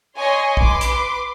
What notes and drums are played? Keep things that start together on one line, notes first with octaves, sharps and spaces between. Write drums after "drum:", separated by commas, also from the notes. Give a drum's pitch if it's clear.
C#5 D#5 G#5 C6 C#6
B4 C6 D6, drum: kick
drum: hi-hat